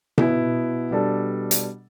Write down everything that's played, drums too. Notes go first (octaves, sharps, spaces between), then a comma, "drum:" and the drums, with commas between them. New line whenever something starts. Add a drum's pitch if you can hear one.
B2 B3 E4, drum: tom B2
B2 G3 D4 A4
drum: hi-hat